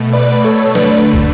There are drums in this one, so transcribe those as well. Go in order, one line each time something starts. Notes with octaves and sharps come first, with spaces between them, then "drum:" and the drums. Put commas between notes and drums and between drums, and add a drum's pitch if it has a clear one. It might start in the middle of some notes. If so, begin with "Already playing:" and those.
Already playing: B2 A3
B4 D5
A4 C#5
D3 A3 B4 D5, drum: snare
drum: kick